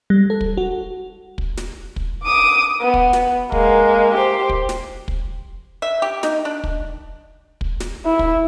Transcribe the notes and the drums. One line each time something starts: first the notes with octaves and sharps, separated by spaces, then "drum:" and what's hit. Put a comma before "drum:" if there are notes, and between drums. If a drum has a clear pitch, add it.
G3
A4
drum: kick
F#4
drum: kick
drum: snare
drum: kick
D6 D#6
B3
drum: kick
drum: snare
G#3 A#3, drum: kick
G4 C5
drum: kick
drum: snare
drum: kick
E5
G4
D#4, drum: snare
D4
drum: kick
drum: kick
drum: snare
E4
drum: kick